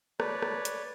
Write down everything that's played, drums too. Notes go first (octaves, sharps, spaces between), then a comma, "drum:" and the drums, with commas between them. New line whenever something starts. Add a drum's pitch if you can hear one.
B4 C#5 D5, drum: rim click
drum: rim click
drum: hi-hat